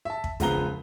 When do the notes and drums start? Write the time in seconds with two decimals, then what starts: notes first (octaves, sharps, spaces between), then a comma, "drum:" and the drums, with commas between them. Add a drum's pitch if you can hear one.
0.05 E5 A5
0.24 drum: kick
0.40 E1 C#2 F3 B3 A#5 G7, drum: kick, hi-hat